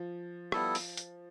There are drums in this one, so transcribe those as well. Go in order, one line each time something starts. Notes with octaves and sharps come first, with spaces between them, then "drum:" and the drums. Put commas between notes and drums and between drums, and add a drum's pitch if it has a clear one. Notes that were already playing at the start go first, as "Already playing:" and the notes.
Already playing: F3
G3 B3 E4 A4, drum: rim click
drum: open hi-hat
drum: hi-hat